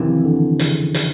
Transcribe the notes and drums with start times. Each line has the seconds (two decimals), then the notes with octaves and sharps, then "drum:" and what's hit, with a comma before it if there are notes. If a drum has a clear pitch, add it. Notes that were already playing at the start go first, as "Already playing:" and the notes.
Already playing: F2 C3 D#3 E3
0.25 D3
0.59 C#3, drum: hi-hat
0.94 drum: hi-hat